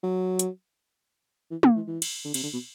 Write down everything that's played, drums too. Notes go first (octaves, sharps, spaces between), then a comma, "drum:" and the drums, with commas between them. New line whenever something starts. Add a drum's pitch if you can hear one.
F#3
drum: hi-hat
E3
D3, drum: tom
E3
E3
drum: cymbal
D3
C3, drum: cymbal
D3
B2